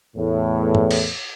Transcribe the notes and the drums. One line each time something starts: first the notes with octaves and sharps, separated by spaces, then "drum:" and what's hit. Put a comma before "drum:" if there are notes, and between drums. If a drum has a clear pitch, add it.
E2 A2
drum: tom
drum: cymbal